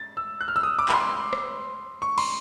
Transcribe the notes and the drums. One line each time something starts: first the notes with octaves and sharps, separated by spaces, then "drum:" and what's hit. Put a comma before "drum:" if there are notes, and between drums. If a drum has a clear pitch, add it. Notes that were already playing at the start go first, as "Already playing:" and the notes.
Already playing: A6
E6
F#6
F6
E6
D#6
D6
B5, drum: clap
C6
drum: rim click
C#6
C6, drum: cymbal